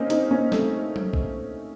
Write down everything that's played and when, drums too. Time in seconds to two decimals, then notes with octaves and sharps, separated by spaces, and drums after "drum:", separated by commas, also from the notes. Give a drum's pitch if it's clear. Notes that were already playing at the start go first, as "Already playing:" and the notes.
Already playing: A#3 C4 C#4 D#4
0.10 C4 D#4, drum: hi-hat
0.31 A#3 C#4
0.52 A3 C4, drum: snare
0.96 drum: tom F#3
1.13 drum: kick